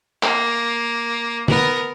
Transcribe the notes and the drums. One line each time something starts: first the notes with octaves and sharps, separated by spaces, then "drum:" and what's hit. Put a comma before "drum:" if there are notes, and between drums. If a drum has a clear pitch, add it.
A#3, drum: clap
B3 A#4, drum: tom